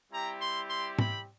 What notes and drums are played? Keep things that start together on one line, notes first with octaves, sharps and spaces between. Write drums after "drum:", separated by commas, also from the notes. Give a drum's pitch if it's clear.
G3 C4 E4 G4 A#5
C6
C6
B5, drum: tom G#2